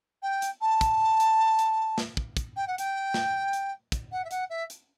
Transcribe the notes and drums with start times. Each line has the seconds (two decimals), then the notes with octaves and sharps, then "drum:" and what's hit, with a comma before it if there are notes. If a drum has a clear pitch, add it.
0.23 G5
0.42 drum: hi-hat
0.61 A5
0.81 drum: kick, hi-hat
1.20 drum: hi-hat
1.59 drum: hi-hat
1.98 drum: snare
2.17 drum: kick
2.37 drum: kick, hi-hat
2.56 G5
2.67 F#5
2.78 G5, drum: hi-hat
3.14 drum: snare
3.53 drum: hi-hat
3.92 drum: kick, hi-hat
4.12 F#5
4.25 E5
4.31 F#5, drum: hi-hat
4.50 E5
4.70 drum: hi-hat